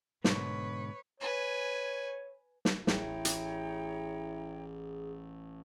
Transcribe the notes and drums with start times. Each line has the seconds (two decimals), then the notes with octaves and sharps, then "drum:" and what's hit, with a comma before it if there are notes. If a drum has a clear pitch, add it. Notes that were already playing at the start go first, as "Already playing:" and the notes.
0.24 G#2 B2 D3 B4 C#5, drum: snare
1.20 B4 C#5 G#5
2.65 drum: snare
2.87 A1 E4 G#4 C#5 G5 A#5, drum: snare
3.25 drum: hi-hat